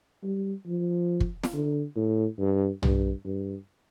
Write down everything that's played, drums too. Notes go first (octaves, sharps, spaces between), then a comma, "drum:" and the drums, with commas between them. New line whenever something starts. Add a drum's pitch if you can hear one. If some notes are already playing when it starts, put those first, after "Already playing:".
G3
F3
drum: kick
drum: snare
D3
A2
G2
G2, drum: tom
G2